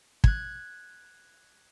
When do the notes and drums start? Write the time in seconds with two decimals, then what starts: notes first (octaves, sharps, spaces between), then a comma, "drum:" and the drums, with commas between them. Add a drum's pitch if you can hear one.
0.24 F#6 G#6, drum: kick